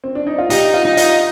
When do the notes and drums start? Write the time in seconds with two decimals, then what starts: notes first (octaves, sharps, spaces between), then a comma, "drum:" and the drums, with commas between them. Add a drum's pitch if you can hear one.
0.04 C4
0.15 D4
0.27 D#4
0.38 F4
0.50 D#4 G4, drum: hi-hat
0.74 F4
0.85 D#4
0.97 F4, drum: hi-hat